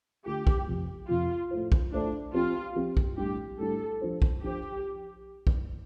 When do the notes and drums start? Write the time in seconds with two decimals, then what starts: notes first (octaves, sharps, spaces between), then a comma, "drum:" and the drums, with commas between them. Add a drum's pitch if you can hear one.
0.26 D3 A3 F4 G4
0.47 drum: kick A#1
0.67 F2 C3 F3
1.09 F2 C3 F3 F4
1.51 A2 A3 F4 C5
1.72 drum: kick A#1
1.92 A2 A3 D4 F4 C5
2.34 F3 C4 F4 G4
2.76 F3 C4 G4
2.97 drum: kick A#1
3.17 A2 G3 D4 G4
3.59 A2 G3 D4 A4
4.01 F3 D4 F4 C5
4.22 drum: kick A#1
4.43 F3 D4 F4 G4 C5
5.47 drum: kick A#1